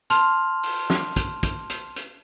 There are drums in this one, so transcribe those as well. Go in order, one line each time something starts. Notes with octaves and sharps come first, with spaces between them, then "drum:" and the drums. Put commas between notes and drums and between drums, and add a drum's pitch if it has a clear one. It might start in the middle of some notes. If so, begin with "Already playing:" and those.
A5 C6 F6 F7, drum: hi-hat
drum: open hi-hat
drum: snare
drum: kick, hi-hat
drum: kick, hi-hat
drum: hi-hat
drum: hi-hat